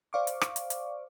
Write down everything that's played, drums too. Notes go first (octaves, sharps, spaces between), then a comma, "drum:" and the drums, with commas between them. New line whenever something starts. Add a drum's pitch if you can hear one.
C5 D5 F5 C#6 D6
drum: hi-hat
drum: rim click
drum: hi-hat
drum: hi-hat